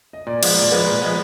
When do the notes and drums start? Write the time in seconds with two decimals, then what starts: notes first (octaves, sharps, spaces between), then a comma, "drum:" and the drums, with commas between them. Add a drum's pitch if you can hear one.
0.13 D#5
0.27 A#2 D5
0.43 F3 G#3 B3, drum: cymbal
0.58 A#2 D5
0.72 F3 G#3 B3 B4
0.87 A#2
1.02 F3 G#3 B3